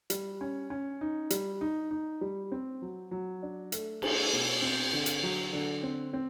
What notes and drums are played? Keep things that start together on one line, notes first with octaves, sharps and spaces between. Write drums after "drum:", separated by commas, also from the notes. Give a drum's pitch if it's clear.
G3, drum: hi-hat
C#4
C#4
D#4
G3, drum: hi-hat
D#4
D#4
G3
C4
F#3
F#3
D4
A3, drum: hi-hat
A3, drum: cymbal
B2
C4
D3
drum: hi-hat
F#3
D3
C4
C4